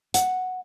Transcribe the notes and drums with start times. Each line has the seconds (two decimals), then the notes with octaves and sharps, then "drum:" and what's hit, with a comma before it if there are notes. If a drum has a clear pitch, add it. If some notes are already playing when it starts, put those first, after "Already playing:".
0.14 F#5, drum: hi-hat